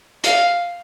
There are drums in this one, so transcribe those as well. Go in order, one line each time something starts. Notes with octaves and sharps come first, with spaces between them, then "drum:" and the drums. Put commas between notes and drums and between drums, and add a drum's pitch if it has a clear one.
F5, drum: hi-hat